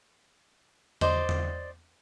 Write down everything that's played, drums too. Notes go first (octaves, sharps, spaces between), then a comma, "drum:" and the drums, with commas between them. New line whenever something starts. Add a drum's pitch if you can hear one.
C5 D5 D#5, drum: tom E2
drum: tom E2